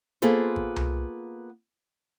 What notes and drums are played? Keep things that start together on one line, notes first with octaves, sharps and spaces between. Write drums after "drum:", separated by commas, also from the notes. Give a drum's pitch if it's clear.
A#3 B3 F4 G#4 A4 C5, drum: hi-hat
drum: kick G#1
drum: tom C2